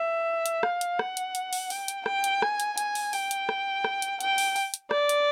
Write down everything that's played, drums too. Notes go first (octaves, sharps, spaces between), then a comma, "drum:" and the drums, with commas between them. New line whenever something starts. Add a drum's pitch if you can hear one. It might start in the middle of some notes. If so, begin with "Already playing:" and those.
Already playing: E5
drum: hi-hat
F5, drum: rim click
drum: hi-hat
F#5, drum: rim click
drum: hi-hat
drum: hi-hat
drum: open hi-hat
G5, drum: open hi-hat
drum: hi-hat
G5, drum: rim click
drum: hi-hat
G#5, drum: rim click
drum: hi-hat
G#5, drum: hi-hat
drum: open hi-hat
G5, drum: open hi-hat
drum: hi-hat
drum: rim click
drum: rim click
drum: hi-hat
G5, drum: hi-hat
drum: open hi-hat
drum: open hi-hat
drum: hi-hat
D5, drum: rim click
drum: hi-hat